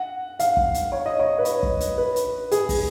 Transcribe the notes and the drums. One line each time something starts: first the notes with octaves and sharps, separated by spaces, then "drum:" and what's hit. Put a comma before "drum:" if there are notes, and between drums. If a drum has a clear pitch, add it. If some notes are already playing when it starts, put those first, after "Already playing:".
Already playing: F#5
F5, drum: hi-hat
drum: kick
drum: hi-hat
C#5
D#5
C#5
B4
C#5, drum: hi-hat
drum: kick
drum: hi-hat
B4
drum: hi-hat
G#4, drum: hi-hat
drum: kick, open hi-hat